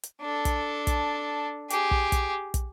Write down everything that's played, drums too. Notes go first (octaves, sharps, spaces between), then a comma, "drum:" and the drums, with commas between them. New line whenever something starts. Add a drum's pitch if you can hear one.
drum: hi-hat
D4 A4
drum: kick, hi-hat
drum: kick, hi-hat
G4 G#4, drum: hi-hat
drum: kick
drum: kick, hi-hat
drum: kick, hi-hat